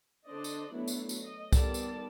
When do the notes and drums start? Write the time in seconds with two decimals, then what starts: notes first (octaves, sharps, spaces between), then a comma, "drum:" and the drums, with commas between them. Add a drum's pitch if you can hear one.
0.27 D3 D4 C5 D5 D#5
0.44 drum: tambourine
0.74 F#3 A3 B3 D4 E4
0.88 drum: tambourine
1.09 drum: tambourine
1.23 D#5
1.53 D#3 G3 B3 A4 D5 A5, drum: kick C2, tambourine
1.74 drum: tambourine